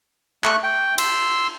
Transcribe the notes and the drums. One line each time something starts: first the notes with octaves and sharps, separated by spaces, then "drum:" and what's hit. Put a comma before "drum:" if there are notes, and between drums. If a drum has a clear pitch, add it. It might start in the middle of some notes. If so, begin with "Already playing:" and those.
A3 C#6 F#6, drum: clap
G5
C6 E6, drum: cymbal